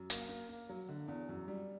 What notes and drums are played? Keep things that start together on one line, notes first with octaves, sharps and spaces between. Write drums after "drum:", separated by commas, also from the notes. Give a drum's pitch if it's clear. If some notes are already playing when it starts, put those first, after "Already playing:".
Already playing: F#2
A#3, drum: hi-hat
A#3
A#3
F#3
D3
E2
F#2
G3